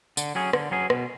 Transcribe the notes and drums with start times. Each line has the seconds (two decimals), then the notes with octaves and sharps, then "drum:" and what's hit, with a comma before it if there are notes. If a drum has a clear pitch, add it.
0.17 D3, drum: tambourine
0.35 F#3 C#4 G#4
0.53 D3, drum: rim click
0.71 F#3 C#4 G#4
0.90 B2, drum: rim click